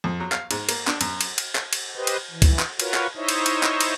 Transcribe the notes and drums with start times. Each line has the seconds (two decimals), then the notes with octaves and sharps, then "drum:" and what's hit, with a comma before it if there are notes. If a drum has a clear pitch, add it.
0.04 F2
0.20 F#3
0.32 F5, drum: clap
0.51 G#2, drum: cymbal
0.69 A#3, drum: cymbal
0.87 D4, drum: clap
1.01 F#2, drum: cymbal
1.21 drum: cymbal
1.38 drum: cymbal
1.55 drum: clap
1.73 drum: cymbal
1.96 G4 B4 C5 D#5
2.07 drum: cymbal
2.31 E3
2.42 drum: kick, cymbal
2.59 drum: clap
2.80 F4 F#4 A#4 B4 C#5, drum: cymbal
2.94 drum: clap
3.15 D#4 E4 C5 C#5 D#5 E5
3.29 drum: cymbal
3.46 drum: cymbal
3.63 drum: clap
3.81 drum: cymbal